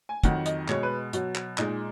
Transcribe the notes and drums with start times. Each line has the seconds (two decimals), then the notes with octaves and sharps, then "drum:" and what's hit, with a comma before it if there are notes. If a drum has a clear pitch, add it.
0.09 G#5
0.24 F2 D#3 F#3 F#5, drum: kick, hi-hat
0.46 D#5, drum: hi-hat
0.68 B2 G#3 C#5, drum: clap
0.83 B4
1.13 B2 F#3, drum: hi-hat
1.35 drum: clap
1.58 A#2 G#3 D#4, drum: clap